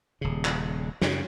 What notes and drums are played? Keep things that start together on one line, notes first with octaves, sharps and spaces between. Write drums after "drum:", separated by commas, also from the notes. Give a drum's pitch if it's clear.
D#1 C#3
drum: clap
F#2 C#3, drum: snare